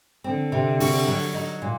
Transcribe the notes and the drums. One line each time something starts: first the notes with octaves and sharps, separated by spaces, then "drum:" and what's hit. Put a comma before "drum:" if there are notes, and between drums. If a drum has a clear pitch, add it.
D3 C4
C3
F#4, drum: open hi-hat
F#3
D#4
A#2